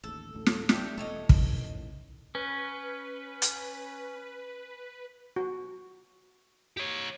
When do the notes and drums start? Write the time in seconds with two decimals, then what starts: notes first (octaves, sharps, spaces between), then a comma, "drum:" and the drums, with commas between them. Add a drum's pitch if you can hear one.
0.04 A1 D#2 A4
0.34 A1 D2 A2
0.46 drum: snare
0.69 A3 D4 G4, drum: snare
0.98 E1 A3 A4 C#5 D#5
1.29 A1 A2 D#3, drum: kick
2.35 C#4 B4
3.42 drum: hi-hat
5.36 F#4
6.77 G4 C#5